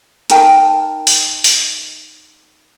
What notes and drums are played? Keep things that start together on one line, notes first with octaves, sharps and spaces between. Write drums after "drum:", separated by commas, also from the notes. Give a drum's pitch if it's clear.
D#4 A#4 G5 A5, drum: hi-hat
drum: open hi-hat
drum: open hi-hat